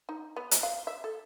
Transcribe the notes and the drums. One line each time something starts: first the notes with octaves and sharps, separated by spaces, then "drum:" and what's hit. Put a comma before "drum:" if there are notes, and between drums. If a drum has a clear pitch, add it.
D#4
B3
drum: hi-hat
F5
E5
A4